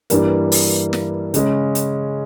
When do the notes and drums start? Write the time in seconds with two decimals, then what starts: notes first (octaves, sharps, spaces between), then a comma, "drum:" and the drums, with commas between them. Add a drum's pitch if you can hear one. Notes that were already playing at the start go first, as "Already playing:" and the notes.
0.10 G2 E3 G3 A#3, drum: hi-hat
0.52 drum: open hi-hat
0.93 drum: snare
1.34 C#3 G#3 C#4, drum: hi-hat
1.75 drum: hi-hat